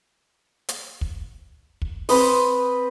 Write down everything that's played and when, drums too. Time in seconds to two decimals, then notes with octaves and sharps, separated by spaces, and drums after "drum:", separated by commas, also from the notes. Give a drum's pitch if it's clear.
0.69 drum: hi-hat
1.01 drum: kick
1.82 drum: kick
2.09 C4 B4 D#6, drum: open hi-hat